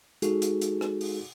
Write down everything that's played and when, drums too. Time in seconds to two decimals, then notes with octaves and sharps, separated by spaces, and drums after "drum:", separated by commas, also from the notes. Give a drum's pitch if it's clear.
0.22 G#3 D#4 F#4 G#4 A4, drum: hi-hat
0.42 drum: hi-hat
0.62 drum: hi-hat
0.81 drum: rim click
1.01 drum: open hi-hat